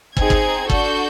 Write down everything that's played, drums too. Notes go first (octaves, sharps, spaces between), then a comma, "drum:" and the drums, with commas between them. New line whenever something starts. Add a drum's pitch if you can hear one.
C4 D#4 G#4 G#6, drum: kick
drum: kick
D4 F#4 A4 G6, drum: kick